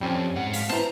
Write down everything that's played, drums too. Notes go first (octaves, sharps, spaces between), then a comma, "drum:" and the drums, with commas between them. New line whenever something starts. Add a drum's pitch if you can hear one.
F2 G3 C4 C#4
G#2 F#5
F5 B6, drum: open hi-hat
E3 C5 A5 A#5, drum: snare